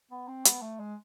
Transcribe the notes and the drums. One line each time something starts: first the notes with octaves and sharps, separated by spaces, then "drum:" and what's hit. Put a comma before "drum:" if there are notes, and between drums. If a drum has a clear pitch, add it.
B3
C4
B3, drum: hi-hat
A3
G#3